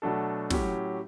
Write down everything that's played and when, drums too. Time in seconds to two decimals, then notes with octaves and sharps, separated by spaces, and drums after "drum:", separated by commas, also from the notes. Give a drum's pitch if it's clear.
0.02 B2 F#3 A3 D4 A4
0.50 A2 F#3 C#4 G4, drum: snare